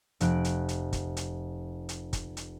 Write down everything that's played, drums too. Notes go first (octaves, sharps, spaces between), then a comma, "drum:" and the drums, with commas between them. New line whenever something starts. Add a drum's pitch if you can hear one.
F1 F#6 D7, drum: hi-hat
drum: hi-hat
drum: hi-hat
drum: kick, hi-hat
drum: hi-hat
drum: hi-hat
drum: kick, hi-hat
drum: hi-hat